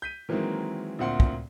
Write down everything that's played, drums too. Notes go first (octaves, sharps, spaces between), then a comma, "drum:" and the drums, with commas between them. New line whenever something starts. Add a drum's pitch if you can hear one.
G6 B6 D#7
D#3 E3 F#3 G#3 A#3 C4
D2 A#2 C4 F#5 C6
drum: kick